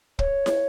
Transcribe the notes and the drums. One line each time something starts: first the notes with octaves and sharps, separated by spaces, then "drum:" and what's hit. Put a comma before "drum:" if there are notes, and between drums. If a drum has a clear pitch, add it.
C#5, drum: kick
drum: snare E4